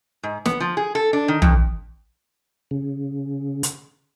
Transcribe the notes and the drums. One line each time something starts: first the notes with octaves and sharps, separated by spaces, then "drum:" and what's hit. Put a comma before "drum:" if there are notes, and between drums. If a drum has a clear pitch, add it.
G#2
B3, drum: snare
F3
G#4
A4
D4
D#3
F2, drum: tom
C#3
drum: hi-hat